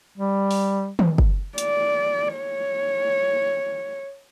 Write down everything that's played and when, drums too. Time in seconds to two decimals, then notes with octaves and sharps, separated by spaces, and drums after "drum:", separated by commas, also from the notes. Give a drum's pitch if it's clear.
0.18 G3
0.51 drum: open hi-hat
0.99 drum: tom D#3
1.18 drum: kick
1.58 D5, drum: hi-hat
2.37 C#5